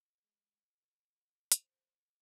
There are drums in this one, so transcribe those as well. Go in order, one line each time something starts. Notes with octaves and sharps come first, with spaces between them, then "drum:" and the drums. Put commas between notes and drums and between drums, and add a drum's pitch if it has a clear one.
G#3
B2
F#4
C5, drum: hi-hat